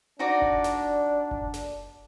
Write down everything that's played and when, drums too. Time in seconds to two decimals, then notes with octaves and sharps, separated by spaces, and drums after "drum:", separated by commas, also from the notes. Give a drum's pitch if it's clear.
0.19 D4 D#4 F#4 D5
0.42 drum: kick F#1
0.64 drum: snare
1.31 drum: kick F#1
1.54 drum: snare